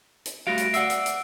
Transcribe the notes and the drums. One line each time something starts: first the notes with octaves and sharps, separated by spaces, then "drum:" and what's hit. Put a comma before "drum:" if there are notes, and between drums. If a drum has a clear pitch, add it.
drum: hi-hat
G3 A3 F#4 F5 A#6 D7
drum: hi-hat
D5 E5 F#5 E6 C7, drum: hi-hat
drum: hi-hat
drum: hi-hat